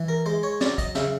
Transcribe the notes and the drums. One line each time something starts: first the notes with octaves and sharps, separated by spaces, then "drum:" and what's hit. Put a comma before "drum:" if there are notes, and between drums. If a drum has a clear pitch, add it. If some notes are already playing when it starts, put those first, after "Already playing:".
Already playing: E3
A#4
G#3 C5
C#5
F#3 D5, drum: snare
D#5, drum: kick, hi-hat
C#3 E5, drum: snare